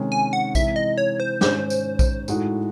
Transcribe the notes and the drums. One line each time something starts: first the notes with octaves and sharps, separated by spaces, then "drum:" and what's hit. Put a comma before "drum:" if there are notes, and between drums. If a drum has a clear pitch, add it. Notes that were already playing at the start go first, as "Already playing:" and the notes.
Already playing: C3 D#3 G#3 C#4
G#5
F#5
C3 E3 G#3 E5, drum: kick A#1, tambourine
D#5
C#5
C5
G#2 D#3 G#3 C#4 C5, drum: snare
drum: tambourine
drum: kick A#1, tambourine
A2 G#3 D#4 F#4, drum: tambourine